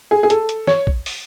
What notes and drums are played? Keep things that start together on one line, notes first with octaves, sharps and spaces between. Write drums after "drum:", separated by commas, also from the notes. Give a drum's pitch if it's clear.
G#4
G#4
A4, drum: hi-hat
drum: hi-hat
C#5, drum: snare
drum: kick
drum: open hi-hat